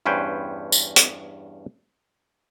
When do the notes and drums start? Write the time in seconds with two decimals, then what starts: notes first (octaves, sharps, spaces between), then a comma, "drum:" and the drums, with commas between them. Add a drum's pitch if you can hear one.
0.06 E2 G2 C#4 B4 C5 G5
0.72 drum: tambourine
0.96 drum: hi-hat